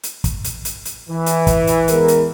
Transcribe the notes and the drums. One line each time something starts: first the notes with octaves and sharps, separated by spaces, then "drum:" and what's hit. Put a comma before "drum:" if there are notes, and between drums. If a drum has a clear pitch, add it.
drum: hi-hat
drum: kick, hi-hat
drum: hi-hat
drum: hi-hat
drum: hi-hat
E3
drum: hi-hat
drum: kick, hi-hat
drum: hi-hat
E2 G#3 A#4, drum: hi-hat
drum: hi-hat